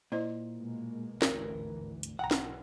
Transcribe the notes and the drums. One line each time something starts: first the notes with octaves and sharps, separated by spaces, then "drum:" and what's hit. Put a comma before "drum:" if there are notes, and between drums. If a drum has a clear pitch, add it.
A#2 E4 C5 D#5
B2 G#3 A#3
G#1 D2 E3 A#4, drum: snare
drum: hi-hat
B1 F#5 G5 A#5
drum: snare